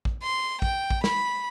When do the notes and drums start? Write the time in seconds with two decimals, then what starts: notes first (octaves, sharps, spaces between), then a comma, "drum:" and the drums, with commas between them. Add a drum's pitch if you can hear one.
0.05 drum: kick
0.23 C6
0.62 G5, drum: kick
0.90 drum: kick
1.04 B5, drum: snare